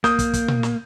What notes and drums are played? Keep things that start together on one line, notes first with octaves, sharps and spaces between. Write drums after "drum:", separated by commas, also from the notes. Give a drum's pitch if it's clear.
A#3 D#6 G6, drum: snare
drum: kick, hi-hat
drum: kick, hi-hat
drum: tom A#2
drum: snare